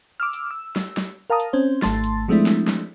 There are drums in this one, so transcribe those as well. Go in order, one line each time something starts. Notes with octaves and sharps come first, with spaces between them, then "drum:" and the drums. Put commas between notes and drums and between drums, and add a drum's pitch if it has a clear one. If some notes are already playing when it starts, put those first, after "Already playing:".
D6 E6 F6
drum: hi-hat
E6
drum: snare
drum: snare
A#4 F5 A5 A#5 D#6
drum: hi-hat
C4 C#4 C5
G#1 A3 A5 C6 A6, drum: snare
drum: hi-hat
F3 G#3 A3 C4 D4 E4
drum: snare
drum: snare